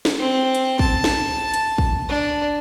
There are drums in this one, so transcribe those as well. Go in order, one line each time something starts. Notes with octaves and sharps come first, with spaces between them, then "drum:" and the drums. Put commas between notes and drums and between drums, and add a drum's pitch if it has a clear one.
drum: snare
C4
drum: hi-hat
A5, drum: kick
drum: snare
drum: hi-hat
drum: kick
D4